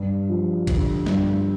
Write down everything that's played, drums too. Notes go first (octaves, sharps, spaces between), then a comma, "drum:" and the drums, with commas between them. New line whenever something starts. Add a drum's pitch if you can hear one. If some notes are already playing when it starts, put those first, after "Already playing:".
Already playing: G2
F3
D3, drum: kick A#1, cymbal
G2, drum: snare